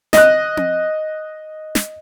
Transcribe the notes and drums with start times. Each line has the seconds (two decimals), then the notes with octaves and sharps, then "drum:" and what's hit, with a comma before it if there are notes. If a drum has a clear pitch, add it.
0.13 D#5 F#6, drum: snare
0.57 drum: tom C4
1.75 drum: snare